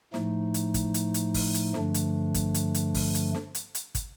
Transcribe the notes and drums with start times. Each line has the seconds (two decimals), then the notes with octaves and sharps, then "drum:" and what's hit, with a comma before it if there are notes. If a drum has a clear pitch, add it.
0.14 A2 F3 A3 D#4, drum: snare
0.54 drum: hi-hat
0.74 drum: kick, hi-hat
0.94 drum: hi-hat
1.14 drum: hi-hat
1.34 drum: kick, open hi-hat
1.54 drum: hi-hat
1.74 G2 D3 F3 A3 D4, drum: snare
1.94 drum: hi-hat
2.34 drum: kick, hi-hat
2.54 drum: hi-hat
2.74 drum: hi-hat
2.94 drum: kick, open hi-hat
3.15 drum: hi-hat
3.35 drum: snare
3.55 drum: hi-hat
3.75 drum: hi-hat
3.95 drum: kick, hi-hat